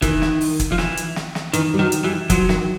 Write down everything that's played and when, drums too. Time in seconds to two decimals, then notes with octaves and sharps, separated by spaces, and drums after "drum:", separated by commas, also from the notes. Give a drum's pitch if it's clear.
0.02 D#3 E3, drum: kick, hi-hat
0.22 drum: snare
0.41 drum: open hi-hat
0.60 drum: kick, hi-hat
0.72 F3
0.78 E3, drum: snare
0.97 drum: hi-hat
1.16 drum: snare
1.35 drum: snare
1.53 D#3 E3, drum: hi-hat
1.74 G3
1.79 D#3 F#3
1.92 drum: hi-hat
2.04 E3 G3
2.30 F3 F#3, drum: kick, hi-hat
2.49 D#3, drum: snare